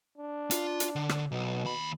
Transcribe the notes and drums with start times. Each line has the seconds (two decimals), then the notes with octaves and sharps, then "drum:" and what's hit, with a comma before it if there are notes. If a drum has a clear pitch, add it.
0.18 D4
0.51 F4, drum: hi-hat
0.80 drum: hi-hat
0.96 D3
1.09 drum: rim click
1.32 B1 B2
1.65 D#2 B5